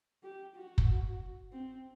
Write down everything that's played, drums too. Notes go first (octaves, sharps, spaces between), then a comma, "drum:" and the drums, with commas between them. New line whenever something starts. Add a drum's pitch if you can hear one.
G4
F#4
drum: kick
C4